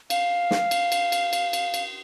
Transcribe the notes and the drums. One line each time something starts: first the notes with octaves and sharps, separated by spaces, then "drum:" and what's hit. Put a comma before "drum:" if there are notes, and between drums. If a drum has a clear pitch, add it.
F5, drum: cymbal
drum: snare
drum: cymbal
drum: cymbal
drum: cymbal
drum: cymbal
drum: cymbal
drum: cymbal